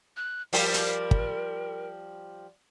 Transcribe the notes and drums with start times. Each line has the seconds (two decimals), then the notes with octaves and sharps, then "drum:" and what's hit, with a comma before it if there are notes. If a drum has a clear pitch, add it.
0.17 F#6
0.53 F3 G3 A#4, drum: open hi-hat
0.74 drum: hi-hat
1.11 drum: kick